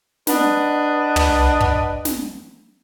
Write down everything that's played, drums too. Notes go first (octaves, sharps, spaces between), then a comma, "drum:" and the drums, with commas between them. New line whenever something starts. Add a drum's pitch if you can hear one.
D4 B4 D#5 F#5, drum: snare
drum: tom
drum: kick
drum: snare